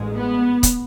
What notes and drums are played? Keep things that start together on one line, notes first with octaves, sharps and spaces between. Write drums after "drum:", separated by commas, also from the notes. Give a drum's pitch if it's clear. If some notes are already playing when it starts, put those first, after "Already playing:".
Already playing: A1 G#2 G#3
B3
drum: kick, hi-hat